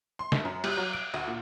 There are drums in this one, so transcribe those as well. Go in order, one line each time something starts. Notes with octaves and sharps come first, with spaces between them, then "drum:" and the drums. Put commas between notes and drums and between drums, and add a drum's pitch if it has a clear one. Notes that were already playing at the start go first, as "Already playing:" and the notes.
C6
G1, drum: snare
F#2
G3, drum: cymbal
F#3
D7
D2
A#2